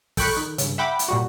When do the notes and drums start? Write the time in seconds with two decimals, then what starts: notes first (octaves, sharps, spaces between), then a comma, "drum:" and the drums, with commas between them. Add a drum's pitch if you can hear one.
0.17 A4 G5 B5 C#6 F#6, drum: kick, open hi-hat
0.37 D#3
0.58 G2 C#3, drum: hi-hat
0.78 E5 F#5 G5 B5 D6
0.99 drum: hi-hat
1.08 A#2 G3 F#4